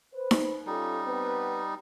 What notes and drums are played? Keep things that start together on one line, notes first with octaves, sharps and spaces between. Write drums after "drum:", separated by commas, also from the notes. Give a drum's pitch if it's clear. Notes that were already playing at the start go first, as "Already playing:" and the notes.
B4 C5
drum: snare D#4
G3 C#4 D#4 F4 A4
B3 C4 B4